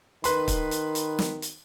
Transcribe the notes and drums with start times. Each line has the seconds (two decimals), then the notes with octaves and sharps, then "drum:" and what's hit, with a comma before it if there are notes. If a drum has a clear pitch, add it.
0.24 D#3 B4 C6, drum: hi-hat
0.48 drum: kick, hi-hat
0.71 drum: hi-hat
0.95 drum: hi-hat
1.19 drum: snare
1.42 drum: hi-hat